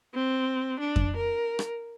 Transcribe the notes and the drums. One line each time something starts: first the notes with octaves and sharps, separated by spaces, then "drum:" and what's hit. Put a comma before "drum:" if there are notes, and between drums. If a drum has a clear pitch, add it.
C4
D4
drum: kick F2
A#4
drum: rim click